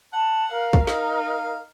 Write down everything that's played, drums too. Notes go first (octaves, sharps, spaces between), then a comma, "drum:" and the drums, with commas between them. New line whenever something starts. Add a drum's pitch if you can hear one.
F#5 A5
A#4 F5
drum: kick
D#4 F5, drum: snare